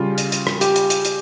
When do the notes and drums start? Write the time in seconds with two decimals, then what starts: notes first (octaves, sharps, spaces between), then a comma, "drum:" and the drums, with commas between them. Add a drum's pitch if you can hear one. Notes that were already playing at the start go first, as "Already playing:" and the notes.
Already playing: C#3 G3 F4
0.18 drum: hi-hat
0.32 drum: hi-hat
0.47 drum: rim click
0.61 G4, drum: hi-hat
0.76 drum: hi-hat
0.90 drum: hi-hat
1.05 drum: hi-hat